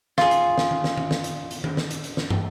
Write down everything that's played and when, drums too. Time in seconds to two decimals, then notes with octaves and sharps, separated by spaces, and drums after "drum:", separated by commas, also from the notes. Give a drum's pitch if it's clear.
0.18 F4 G#4, drum: snare
0.31 drum: hi-hat
0.58 drum: snare
0.71 drum: tom D#3
0.84 drum: snare
0.97 drum: tom D#3
1.11 drum: snare
1.24 drum: hi-hat
1.51 drum: hi-hat
1.64 drum: tom D#3
1.77 drum: snare
1.91 drum: hi-hat
2.04 drum: hi-hat
2.17 drum: snare
2.30 drum: tom